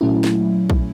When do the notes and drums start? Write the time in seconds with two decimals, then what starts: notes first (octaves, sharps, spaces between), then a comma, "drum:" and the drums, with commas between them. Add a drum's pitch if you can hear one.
0.01 A#2 F#3 A3 C#4 E4
0.24 drum: snare
0.70 drum: kick A#1